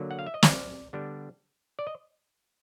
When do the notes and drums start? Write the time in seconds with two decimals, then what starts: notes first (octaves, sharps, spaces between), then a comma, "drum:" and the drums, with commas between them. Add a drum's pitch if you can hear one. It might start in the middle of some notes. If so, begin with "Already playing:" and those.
Already playing: D3 F#3 A#3
0.11 F#5
0.19 F5
0.26 E5
0.34 D#5
0.43 D5, drum: snare
0.93 D3 G3 B3 D4
1.79 D5
1.87 D#5